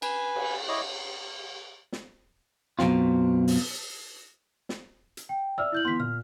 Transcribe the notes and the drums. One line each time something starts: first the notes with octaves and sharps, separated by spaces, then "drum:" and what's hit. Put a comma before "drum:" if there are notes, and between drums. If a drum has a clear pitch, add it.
B4 G#5, drum: cymbal
drum: cymbal
E4 C#5 D#5 D6
drum: snare
F#2 B2 F#3 C4 F4, drum: snare
drum: open hi-hat
drum: snare
drum: hi-hat
G5
D5 E5 E6 F6
E4 G6 F#7
E3 B3 C6 B6
A#2 F6